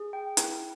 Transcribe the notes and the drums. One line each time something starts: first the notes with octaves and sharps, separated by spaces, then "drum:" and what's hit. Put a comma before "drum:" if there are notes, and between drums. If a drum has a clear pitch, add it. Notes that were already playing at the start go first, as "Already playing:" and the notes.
Already playing: G#4
G5
E4, drum: hi-hat